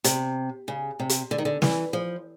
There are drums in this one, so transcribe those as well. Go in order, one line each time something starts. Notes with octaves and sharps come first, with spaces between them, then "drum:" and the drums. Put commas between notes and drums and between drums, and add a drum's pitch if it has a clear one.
C3, drum: hi-hat
C#3
C3
drum: hi-hat
D3
D#3
D3
E3, drum: snare
F3